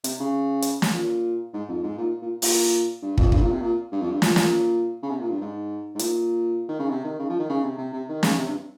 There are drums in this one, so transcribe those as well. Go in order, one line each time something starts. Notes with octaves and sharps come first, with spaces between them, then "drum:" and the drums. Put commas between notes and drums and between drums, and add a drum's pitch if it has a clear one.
C3, drum: hi-hat
C#3
drum: hi-hat
drum: snare
A#2
G#2
F2
G#2
A#2
A#2
A#2, drum: open hi-hat
G2
F2, drum: kick
G2, drum: kick
A#2
C3
A#2
G2
F2
G2
A#2, drum: snare
A#2, drum: snare
C#3
C3
A#2
G2
G#2
G#2
A#2, drum: hi-hat
D#3
C#3
C3
D#3
C#3
F3
D#3
C#3
C3
C3
C3
D#3
C#3, drum: snare
C3
G2